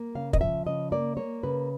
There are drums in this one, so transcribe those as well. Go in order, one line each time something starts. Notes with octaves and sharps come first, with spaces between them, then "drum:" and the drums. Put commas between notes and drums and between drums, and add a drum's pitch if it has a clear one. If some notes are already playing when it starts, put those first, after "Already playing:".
Already playing: A#3
C#3 F5
D#5, drum: kick
F3 E5
C#3 D#5
A#3 D5
A#3 C#5
C#3 B4